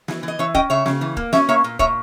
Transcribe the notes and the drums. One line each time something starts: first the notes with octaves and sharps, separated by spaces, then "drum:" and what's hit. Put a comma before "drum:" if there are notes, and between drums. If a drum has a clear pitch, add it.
E3, drum: snare
E3 D#5
E3 C#5 E5
C#4 D#5 G5, drum: kick
C#3 C#5 E5
C#3, drum: snare
E3
A#3, drum: kick
C#4 C#5 E5, drum: snare
A#3 C#5 E5
A#2
A#2 C#5 E5, drum: kick